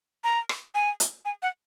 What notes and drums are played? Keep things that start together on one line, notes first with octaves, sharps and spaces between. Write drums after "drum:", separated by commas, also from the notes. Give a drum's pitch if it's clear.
A#5
drum: rim click
G#5
drum: hi-hat
G#5
F#5